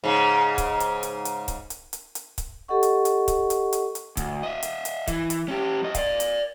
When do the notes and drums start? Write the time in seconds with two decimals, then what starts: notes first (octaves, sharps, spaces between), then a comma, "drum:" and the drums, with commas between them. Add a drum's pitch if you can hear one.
0.04 G#2 C#3
0.58 drum: kick C#1, hi-hat
0.80 drum: hi-hat
1.03 drum: hi-hat
1.25 drum: hi-hat
1.48 drum: kick C#1, hi-hat
1.70 drum: hi-hat
1.93 drum: hi-hat
2.15 drum: hi-hat
2.38 drum: kick C#1, hi-hat
2.68 G4 A4 D#5 F#5 C#6
2.83 drum: hi-hat
3.05 drum: hi-hat
3.28 drum: kick C#1, hi-hat
3.50 drum: hi-hat
3.73 drum: hi-hat
3.95 drum: hi-hat
4.17 D2, drum: kick C#1, hi-hat
4.43 D#5 E5
4.63 drum: hi-hat
4.85 drum: hi-hat
5.07 E3, drum: kick C#1, hi-hat
5.30 drum: hi-hat
5.48 C#4 G4
5.83 F#2 D#5
5.95 D5 F5, drum: kick C#1, hi-hat
6.20 drum: hi-hat